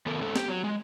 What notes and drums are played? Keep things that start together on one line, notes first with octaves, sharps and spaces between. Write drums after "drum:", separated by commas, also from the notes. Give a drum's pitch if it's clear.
D#3 B3 A4 A#4
G#3 A3 C4 C#4 A4
G4, drum: snare
F#3
G#3